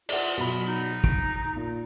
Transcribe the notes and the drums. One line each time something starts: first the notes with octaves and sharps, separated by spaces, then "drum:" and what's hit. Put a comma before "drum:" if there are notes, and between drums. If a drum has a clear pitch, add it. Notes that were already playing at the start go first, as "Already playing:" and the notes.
F4 D5 E5 F#5, drum: cymbal
B2 F#3 B5
D#4
D7, drum: kick
A#2